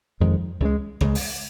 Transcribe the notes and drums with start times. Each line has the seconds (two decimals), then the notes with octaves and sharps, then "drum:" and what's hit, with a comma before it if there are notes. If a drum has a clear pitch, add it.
0.20 F1 F2 D#3 G#3
0.60 C#2 C#3 G#3
1.01 C#2 C#3 G#3, drum: rim click
1.15 drum: open hi-hat